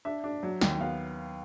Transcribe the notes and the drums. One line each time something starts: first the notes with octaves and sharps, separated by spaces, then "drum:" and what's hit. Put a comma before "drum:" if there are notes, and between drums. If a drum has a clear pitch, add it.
D4 E5
D4
F#3
D#2, drum: snare
B3 F5